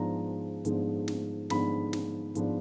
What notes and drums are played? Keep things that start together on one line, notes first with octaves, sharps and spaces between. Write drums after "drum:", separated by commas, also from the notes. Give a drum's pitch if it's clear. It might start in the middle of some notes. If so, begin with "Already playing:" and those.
Already playing: G#2 F3 G#3 B3 D4 A#5
G#2 F3 G#3 B3 D4, drum: hi-hat
drum: snare
G#2 F3 G#3 B3 D4 B5, drum: snare
drum: snare
G#2 F3 G#3 B3 D4, drum: hi-hat